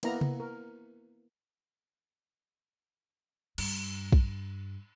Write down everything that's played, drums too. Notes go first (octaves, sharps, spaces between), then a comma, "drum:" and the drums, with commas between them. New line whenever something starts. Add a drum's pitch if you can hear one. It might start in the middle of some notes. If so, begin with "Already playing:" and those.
A#3 B3 E4 A#5, drum: cymbal
drum: tom C3
A#4
G2, drum: cymbal
drum: kick